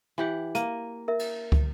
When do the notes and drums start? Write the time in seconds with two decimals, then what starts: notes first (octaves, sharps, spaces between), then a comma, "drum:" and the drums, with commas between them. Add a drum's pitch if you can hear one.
0.18 E3 G4 F#5
0.55 A#3 D#7, drum: hi-hat
1.08 A#4 E5
1.19 drum: cymbal
1.52 drum: kick